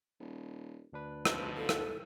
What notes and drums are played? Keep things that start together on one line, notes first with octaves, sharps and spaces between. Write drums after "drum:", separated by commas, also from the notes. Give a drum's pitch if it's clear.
D#1
D2 D4 B4
D#1 B2 F3, drum: rim click
E2 A4
drum: rim click